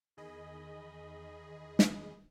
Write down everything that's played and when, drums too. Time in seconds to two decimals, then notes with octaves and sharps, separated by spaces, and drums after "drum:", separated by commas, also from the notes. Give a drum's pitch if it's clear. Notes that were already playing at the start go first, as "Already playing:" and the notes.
0.17 E2 D#3 G#4 D#5 B5
1.79 drum: snare